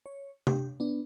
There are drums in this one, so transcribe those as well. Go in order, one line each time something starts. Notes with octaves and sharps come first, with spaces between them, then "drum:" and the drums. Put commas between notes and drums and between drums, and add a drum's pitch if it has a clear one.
C#5
G4, drum: tom C3
B3 D4